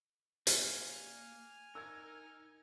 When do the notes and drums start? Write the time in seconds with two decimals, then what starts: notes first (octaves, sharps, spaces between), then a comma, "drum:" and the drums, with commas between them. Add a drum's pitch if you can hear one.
0.47 A#3 F5 G#5 F6, drum: hi-hat
1.75 D#4 A#4 E6 G#6